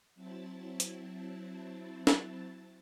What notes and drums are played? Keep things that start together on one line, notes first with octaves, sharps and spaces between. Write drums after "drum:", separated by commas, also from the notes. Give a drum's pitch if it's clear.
F#3 C4 E4 A5 A6
drum: hi-hat
drum: snare